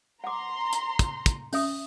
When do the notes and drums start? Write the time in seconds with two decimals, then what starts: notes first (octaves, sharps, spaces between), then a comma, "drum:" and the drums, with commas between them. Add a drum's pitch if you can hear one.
0.24 F#5 A#5 C6 D6
0.73 drum: hi-hat
0.99 drum: kick, hi-hat
1.26 drum: kick, hi-hat
1.53 C#4 E5 D#6, drum: open hi-hat